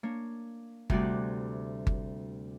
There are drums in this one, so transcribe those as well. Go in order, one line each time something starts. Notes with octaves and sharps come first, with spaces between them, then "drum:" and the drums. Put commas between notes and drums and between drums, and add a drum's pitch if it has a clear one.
A#3 D4 C#5
D2 C3 G3 F#4 D5 F#6, drum: kick G1
drum: kick G1